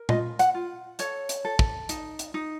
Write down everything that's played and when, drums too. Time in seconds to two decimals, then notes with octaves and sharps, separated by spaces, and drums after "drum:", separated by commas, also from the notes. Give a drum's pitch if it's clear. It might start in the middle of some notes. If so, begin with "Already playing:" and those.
Already playing: A#4
0.09 F4 D#5, drum: tom A#2
0.39 F#5, drum: hi-hat
0.54 F4
0.99 A4 C#5, drum: hi-hat
1.29 drum: hi-hat
1.45 A4
1.59 drum: kick
1.89 D#4, drum: hi-hat
2.19 drum: hi-hat
2.34 D#4